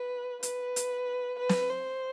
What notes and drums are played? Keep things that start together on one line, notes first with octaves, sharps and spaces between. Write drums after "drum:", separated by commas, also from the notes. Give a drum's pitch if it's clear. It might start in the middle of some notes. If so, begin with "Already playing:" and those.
Already playing: B4
B4, drum: hi-hat
drum: hi-hat
B4
drum: snare
C5